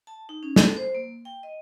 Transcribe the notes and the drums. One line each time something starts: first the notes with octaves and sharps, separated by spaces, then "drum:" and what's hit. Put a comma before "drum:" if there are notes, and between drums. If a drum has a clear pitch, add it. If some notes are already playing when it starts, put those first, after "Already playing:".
A5
D#4
C#4
A4, drum: snare
C5
A#3
G5
D#5